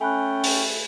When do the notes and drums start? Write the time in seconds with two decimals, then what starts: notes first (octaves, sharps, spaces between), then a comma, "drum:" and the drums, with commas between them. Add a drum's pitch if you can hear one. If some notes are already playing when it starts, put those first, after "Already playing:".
0.01 A3 C#4 G5 G#5 B5 F#6
0.43 drum: open hi-hat